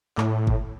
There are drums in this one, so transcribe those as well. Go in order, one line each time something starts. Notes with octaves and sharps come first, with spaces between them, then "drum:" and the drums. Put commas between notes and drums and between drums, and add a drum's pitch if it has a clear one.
A2, drum: clap
drum: kick G1